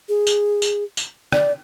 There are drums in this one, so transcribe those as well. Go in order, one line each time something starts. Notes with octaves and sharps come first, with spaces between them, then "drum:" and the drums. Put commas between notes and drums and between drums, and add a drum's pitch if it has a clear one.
G#4
drum: tambourine
drum: tambourine
drum: tambourine
D5, drum: rim click